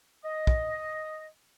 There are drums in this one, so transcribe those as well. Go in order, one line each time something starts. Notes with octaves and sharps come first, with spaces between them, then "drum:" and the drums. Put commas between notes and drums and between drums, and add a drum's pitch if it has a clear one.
D#5
drum: kick